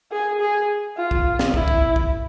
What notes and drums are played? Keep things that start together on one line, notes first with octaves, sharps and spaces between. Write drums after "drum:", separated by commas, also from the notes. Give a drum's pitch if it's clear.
G#4
G#4
F4
drum: kick
drum: snare
E4, drum: kick
drum: kick
drum: kick